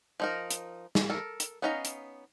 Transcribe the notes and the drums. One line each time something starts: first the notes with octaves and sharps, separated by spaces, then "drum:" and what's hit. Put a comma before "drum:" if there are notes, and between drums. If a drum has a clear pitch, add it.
F3 D#4 A#4
drum: hi-hat
drum: snare
A4 A#4
drum: hi-hat
B3 C#4 D#4 F5 A#5
drum: hi-hat